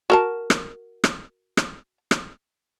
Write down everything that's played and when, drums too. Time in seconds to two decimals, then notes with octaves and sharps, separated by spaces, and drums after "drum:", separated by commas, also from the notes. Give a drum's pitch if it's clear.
0.10 F#4 A#4 A5
0.50 drum: rim click
1.04 drum: rim click
1.57 drum: rim click
2.11 drum: rim click